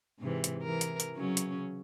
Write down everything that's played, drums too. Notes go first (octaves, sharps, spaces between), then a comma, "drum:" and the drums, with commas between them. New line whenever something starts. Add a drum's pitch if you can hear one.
G#2 C3 E3
drum: hi-hat
E3 A#4
drum: hi-hat
drum: hi-hat
C#3 F#3 C#4
drum: hi-hat